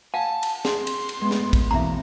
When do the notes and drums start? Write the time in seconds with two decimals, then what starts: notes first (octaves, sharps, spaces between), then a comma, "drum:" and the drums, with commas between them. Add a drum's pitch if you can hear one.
0.14 F5 F#5 G#5 A5
0.43 drum: cymbal
0.65 G#4 C6, drum: snare
0.87 drum: cymbal
1.09 drum: cymbal
1.22 G#3 A3 B3
1.31 drum: snare
1.53 drum: kick, cymbal
1.71 E2 B2 E3 A#3 C4 E5 A#5